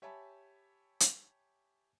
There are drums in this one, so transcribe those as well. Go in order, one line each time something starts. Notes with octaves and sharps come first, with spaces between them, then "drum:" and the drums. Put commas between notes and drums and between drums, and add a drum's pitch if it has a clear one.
G4 C#5 E5 G#5 A5 B5
drum: hi-hat